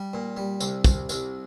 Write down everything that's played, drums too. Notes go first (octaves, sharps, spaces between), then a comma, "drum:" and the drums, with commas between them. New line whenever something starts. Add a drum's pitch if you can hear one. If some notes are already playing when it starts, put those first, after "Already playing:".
Already playing: G3
A#2
G3
C2, drum: tambourine
C2, drum: kick, tambourine
C2, drum: tambourine